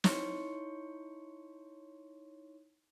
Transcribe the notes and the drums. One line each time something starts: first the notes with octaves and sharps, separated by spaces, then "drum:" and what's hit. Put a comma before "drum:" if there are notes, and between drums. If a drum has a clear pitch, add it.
D#4 E4 C#5 C6 C#6 C#7, drum: snare